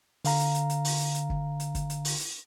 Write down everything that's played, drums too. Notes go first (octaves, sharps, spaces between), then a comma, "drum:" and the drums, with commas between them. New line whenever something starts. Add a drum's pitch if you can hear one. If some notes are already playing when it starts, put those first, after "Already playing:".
D3 F5 A#5, drum: open hi-hat
drum: hi-hat
drum: hi-hat
drum: hi-hat
drum: open hi-hat
drum: hi-hat
drum: hi-hat
drum: kick
drum: hi-hat
drum: kick, hi-hat
drum: hi-hat
drum: open hi-hat
drum: hi-hat